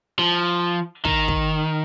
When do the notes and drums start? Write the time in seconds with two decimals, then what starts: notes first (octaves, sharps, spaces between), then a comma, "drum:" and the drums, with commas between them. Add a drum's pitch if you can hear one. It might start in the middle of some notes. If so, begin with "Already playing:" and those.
0.19 F3
1.05 D#3, drum: kick
1.28 drum: kick